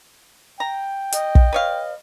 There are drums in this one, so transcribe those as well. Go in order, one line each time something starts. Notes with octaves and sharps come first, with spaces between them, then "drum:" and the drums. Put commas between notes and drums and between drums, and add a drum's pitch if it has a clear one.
G5 A#5
D#5, drum: hi-hat
drum: kick
B4 C#5 F5